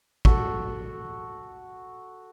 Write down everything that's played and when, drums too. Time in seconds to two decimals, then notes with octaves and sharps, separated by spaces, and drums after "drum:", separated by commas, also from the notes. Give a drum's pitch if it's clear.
0.25 F#4 A4, drum: kick